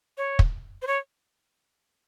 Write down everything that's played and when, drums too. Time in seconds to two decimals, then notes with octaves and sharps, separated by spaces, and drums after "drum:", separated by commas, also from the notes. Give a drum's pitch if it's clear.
0.18 C#5
0.39 drum: kick
0.82 C5
0.87 C#5